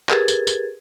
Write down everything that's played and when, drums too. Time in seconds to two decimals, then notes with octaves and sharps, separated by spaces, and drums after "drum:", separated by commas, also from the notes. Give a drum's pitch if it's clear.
0.09 G4 G#4 A#4 B4 G#6 A6, drum: clap
0.28 drum: tambourine
0.47 drum: tambourine